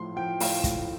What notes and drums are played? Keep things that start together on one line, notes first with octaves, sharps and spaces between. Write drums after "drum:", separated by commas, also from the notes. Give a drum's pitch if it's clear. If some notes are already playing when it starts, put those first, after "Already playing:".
Already playing: A2 F3 C6
F3 G5
A2 F5, drum: open hi-hat
A2, drum: kick, hi-hat